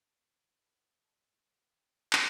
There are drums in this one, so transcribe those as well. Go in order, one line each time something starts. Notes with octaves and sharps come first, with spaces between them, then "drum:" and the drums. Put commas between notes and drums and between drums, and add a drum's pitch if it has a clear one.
A#3 E4 C#5
G3 F#4
G#4 D#5 A5
C#3 C5
G4
drum: clap